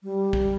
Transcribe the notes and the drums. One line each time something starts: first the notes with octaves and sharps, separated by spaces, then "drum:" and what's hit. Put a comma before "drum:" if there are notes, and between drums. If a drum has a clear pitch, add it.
G3
drum: kick